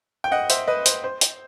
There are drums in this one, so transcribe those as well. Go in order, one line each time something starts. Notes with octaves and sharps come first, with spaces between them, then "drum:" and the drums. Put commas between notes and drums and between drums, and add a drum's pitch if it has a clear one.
G5
D#5 F#5
C5 E5, drum: hi-hat
B4 D#5
C5, drum: hi-hat
C5
drum: hi-hat